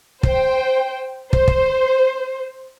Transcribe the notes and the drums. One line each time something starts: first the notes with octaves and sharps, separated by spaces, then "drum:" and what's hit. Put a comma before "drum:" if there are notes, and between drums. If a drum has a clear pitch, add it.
C5 G5, drum: kick
C5, drum: kick
drum: kick